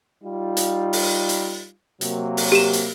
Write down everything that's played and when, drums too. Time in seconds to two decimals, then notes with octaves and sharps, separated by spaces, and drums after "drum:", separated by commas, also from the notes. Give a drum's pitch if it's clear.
0.23 G3 D#4 F4
0.57 drum: hi-hat
0.93 drum: open hi-hat
1.29 drum: hi-hat
2.01 C3 F#3 A#3, drum: hi-hat
2.37 drum: open hi-hat
2.52 G4 E7
2.73 drum: hi-hat